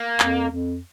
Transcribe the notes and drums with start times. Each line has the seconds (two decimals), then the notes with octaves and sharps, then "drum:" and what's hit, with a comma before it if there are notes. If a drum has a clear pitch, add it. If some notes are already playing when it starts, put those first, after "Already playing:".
Already playing: A#3
0.20 F2, drum: clap
0.51 F2